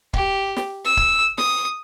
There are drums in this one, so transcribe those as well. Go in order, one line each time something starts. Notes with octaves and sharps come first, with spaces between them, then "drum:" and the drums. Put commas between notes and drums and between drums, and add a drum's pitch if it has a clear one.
G4, drum: kick
drum: snare
E6
drum: kick
D#6, drum: snare